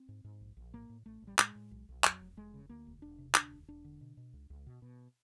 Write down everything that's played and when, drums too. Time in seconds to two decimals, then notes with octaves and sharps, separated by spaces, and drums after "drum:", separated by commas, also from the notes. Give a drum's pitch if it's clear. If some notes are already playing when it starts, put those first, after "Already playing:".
Already playing: C4
0.09 G#2
0.24 G#2
0.41 A#1
0.57 A#1
0.73 A2 A#3
0.90 A2
1.06 A1 A3
1.22 A1
1.27 G3
1.39 A2 G#3, drum: clap
1.55 A2
1.71 B1
1.89 B1
2.04 F2 F#3, drum: clap
2.21 F1
2.37 F1 G#3
2.54 C#3
2.69 D2 A#3
2.87 E1
3.02 E1 D4
3.18 C3
3.35 D2 D4, drum: clap
3.51 E1
3.68 E1 D4
3.84 D3
4.01 B2
4.17 B2
4.33 C#2
4.50 C#2
4.67 B2
4.82 B2